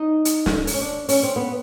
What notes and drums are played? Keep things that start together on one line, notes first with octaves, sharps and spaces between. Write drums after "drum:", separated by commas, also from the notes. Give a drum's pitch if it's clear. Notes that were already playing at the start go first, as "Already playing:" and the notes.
Already playing: D#4
drum: hi-hat
drum: snare
D4, drum: open hi-hat
C#4
D4
C#4, drum: open hi-hat
C4
B3